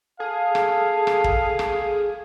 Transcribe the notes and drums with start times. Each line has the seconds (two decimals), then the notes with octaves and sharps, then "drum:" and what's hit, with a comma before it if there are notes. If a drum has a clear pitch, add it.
0.20 G#4 A4 F5
0.55 drum: rim click
1.07 drum: rim click
1.24 drum: kick
1.59 drum: rim click